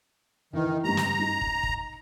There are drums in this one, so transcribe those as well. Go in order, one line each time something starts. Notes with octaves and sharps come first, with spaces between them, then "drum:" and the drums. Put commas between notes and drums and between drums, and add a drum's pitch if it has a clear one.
D#3 E3 B4
G2 G3 A#5
drum: snare
D#4
drum: kick
drum: kick